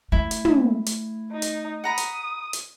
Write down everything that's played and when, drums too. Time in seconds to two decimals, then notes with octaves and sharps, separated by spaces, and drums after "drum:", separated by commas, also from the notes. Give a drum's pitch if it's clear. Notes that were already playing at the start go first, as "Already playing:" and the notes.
0.12 A3 E4
0.31 drum: hi-hat
0.45 drum: tom
0.86 drum: hi-hat
1.32 D#4
1.42 drum: hi-hat
1.84 F#5 A#5 B5 D#6
1.98 drum: hi-hat
2.53 drum: hi-hat